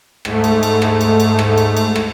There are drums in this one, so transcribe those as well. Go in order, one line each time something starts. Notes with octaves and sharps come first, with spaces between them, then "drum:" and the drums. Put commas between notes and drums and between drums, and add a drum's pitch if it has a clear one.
G#2 A3, drum: rim click
drum: cymbal
drum: cymbal
drum: rim click
drum: cymbal
drum: cymbal
drum: rim click
drum: cymbal
drum: cymbal
drum: rim click